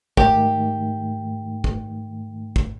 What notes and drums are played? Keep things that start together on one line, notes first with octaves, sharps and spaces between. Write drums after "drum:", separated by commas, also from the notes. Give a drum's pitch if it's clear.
G#2 D#3 A3 G4, drum: kick
drum: kick
drum: kick